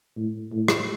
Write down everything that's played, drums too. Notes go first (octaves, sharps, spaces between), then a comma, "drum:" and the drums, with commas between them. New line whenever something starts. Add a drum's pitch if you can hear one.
A2
A2
drum: rim click